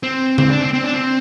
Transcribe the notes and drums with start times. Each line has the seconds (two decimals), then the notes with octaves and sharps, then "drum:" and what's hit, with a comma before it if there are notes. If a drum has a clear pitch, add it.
0.03 C4
0.38 C4, drum: tom C#3
0.50 D4
0.61 C4
0.73 C4
0.84 D4
0.94 C4